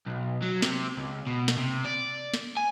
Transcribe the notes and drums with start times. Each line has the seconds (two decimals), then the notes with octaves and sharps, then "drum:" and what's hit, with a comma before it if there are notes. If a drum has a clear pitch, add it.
0.07 B1
0.42 F#3
0.62 C3, drum: snare
0.97 C#2
1.27 B2
1.48 drum: snare
1.57 C3
1.85 D5
2.34 drum: snare
2.57 G#5